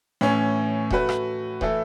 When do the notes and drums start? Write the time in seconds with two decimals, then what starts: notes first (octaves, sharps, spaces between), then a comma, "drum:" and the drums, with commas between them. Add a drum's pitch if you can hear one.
0.21 A2 E3 C#4
0.91 A3 F#4 B4, drum: kick D#1
1.09 drum: rim click
1.61 E3 A3 E4 A4, drum: kick D#1